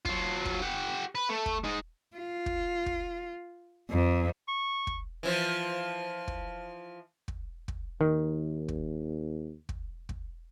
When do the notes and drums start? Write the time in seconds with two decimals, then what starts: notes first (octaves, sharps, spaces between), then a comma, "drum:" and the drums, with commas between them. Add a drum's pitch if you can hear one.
0.05 F#3 F4, drum: kick
0.45 drum: kick
0.61 G4 F#5
1.15 B4
1.29 A3
1.46 drum: kick
1.64 G#3 D#4
2.16 F4
2.46 drum: kick
2.86 drum: kick
3.91 F2
4.48 C#6
4.87 drum: kick
5.23 E3 F3
6.28 drum: kick
7.28 drum: kick
7.68 drum: kick
8.01 D#2 D#3
8.68 drum: kick
9.69 drum: kick
10.09 drum: kick